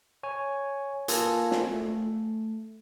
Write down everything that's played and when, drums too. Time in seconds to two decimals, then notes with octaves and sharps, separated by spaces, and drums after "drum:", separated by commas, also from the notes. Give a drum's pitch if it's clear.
0.23 C#5 G#5
1.08 A#3 F4 A4 G#5, drum: hi-hat
1.51 drum: snare
1.73 A3